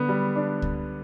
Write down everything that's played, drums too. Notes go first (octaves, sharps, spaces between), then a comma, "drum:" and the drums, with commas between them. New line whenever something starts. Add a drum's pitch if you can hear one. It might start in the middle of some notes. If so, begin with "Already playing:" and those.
Already playing: D3 B3
G3
D4
drum: kick C#2